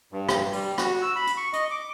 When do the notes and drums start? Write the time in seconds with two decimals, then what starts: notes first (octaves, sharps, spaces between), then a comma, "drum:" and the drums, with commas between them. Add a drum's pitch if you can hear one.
0.12 G2
0.29 drum: rim click
0.53 G3, drum: open hi-hat
0.78 F#4, drum: rim click
1.02 E6
1.16 B5
1.27 drum: hi-hat
1.37 C#6
1.53 D#5, drum: hi-hat
1.71 D6